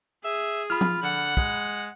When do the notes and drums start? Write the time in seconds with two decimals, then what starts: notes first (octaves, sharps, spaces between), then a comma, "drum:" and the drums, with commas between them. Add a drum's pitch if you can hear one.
0.24 G#4 E5
0.70 F4 B5 F6
0.81 drum: tom F3
1.03 D3 F#5
1.37 G#3, drum: kick